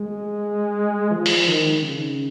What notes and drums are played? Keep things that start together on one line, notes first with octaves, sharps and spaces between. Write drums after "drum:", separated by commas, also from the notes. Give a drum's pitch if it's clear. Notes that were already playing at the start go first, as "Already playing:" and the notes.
Already playing: G#3
F3
drum: open hi-hat
D#3
C#3